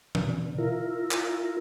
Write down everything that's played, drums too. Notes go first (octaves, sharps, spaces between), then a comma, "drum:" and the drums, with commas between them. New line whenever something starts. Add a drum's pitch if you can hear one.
B2 D3, drum: tom
E4 F4 A#4
drum: clap